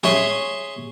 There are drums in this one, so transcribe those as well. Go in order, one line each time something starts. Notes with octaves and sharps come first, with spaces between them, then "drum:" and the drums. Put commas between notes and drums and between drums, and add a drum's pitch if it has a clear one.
G#4 C#5 E5 C6, drum: snare